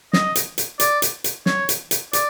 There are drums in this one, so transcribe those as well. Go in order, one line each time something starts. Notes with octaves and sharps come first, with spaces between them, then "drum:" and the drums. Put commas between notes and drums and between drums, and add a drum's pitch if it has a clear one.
D#5, drum: snare
drum: hi-hat
drum: hi-hat
D5, drum: hi-hat
drum: hi-hat
drum: hi-hat
C#5, drum: snare
drum: hi-hat
drum: hi-hat
D5, drum: hi-hat